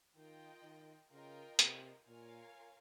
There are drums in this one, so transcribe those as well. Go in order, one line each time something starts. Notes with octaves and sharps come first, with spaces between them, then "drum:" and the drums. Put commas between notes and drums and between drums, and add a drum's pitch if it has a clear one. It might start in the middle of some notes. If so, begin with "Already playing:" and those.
D#3 F4 A#4 D#5 G5
D#3
C#3 F4 A#4 D#5 G5
C3, drum: hi-hat
A#2 F4 A#4 C#5 F5 G#5